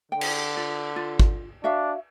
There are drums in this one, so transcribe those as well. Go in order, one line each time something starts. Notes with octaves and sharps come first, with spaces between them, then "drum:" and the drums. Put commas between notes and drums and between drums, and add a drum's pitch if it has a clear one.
D3 G5
drum: cymbal
F4
F4
drum: kick G#1
D4 F#4 E5 F5